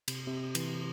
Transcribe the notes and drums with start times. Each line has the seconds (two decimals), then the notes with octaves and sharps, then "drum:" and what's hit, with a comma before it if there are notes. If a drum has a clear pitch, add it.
0.08 C3, drum: cymbal
0.27 C3
0.55 E3, drum: cymbal